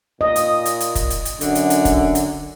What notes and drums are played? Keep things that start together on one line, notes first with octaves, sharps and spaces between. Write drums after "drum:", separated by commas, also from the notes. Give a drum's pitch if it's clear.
A#2 D#5
drum: hi-hat
drum: hi-hat
drum: hi-hat
drum: kick, hi-hat
drum: hi-hat
drum: hi-hat
F#2 D3, drum: hi-hat
drum: hi-hat
drum: hi-hat
drum: kick, hi-hat
drum: hi-hat